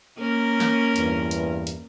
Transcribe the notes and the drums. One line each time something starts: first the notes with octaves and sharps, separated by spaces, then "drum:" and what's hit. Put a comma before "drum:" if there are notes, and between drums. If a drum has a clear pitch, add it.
A#3 C#4 A#4
drum: snare
E2 G2, drum: hi-hat
drum: hi-hat
drum: hi-hat